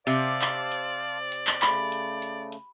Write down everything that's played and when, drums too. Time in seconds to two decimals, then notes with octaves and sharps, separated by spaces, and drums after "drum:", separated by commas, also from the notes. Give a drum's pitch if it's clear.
0.07 C3 C5 D5 F5 A5
0.42 drum: clap
0.72 drum: hi-hat
1.32 drum: hi-hat
1.47 drum: clap
1.62 C#3 A3 B5, drum: clap
1.92 drum: hi-hat
2.22 drum: hi-hat
2.52 drum: hi-hat